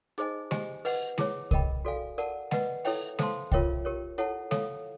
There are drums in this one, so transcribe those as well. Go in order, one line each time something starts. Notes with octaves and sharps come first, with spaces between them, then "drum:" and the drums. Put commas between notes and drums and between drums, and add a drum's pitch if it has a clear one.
D#4 G#4 C5 D#5 G#5, drum: hi-hat
G4 C5 D#5 G#5, drum: snare G#3
B4 D#5 F#5, drum: open hi-hat
E4 G#4 C#5, drum: snare G#3
A#4 D#5 G5 B5, drum: kick C2, hi-hat
F#4 A4 D5 F5 G#5
A#4 D5 F#5 A5, drum: hi-hat
B4 D#5 F#5, drum: snare G#3
E4 A4 C#5 E5 G5, drum: open hi-hat
A4 C5 F5 A5 C6, drum: snare G#3
F4 A#4 C#5 E5 G5, drum: kick C2, hi-hat
G4 A#4 C#5
E4 A4 C#5 F#5 A5, drum: hi-hat
A4 C#5 F5, drum: snare G#3